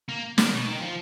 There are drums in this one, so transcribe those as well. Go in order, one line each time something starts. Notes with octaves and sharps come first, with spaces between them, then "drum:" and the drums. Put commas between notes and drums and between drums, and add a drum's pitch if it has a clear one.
A#3
D#3, drum: snare
B2
D#3
F3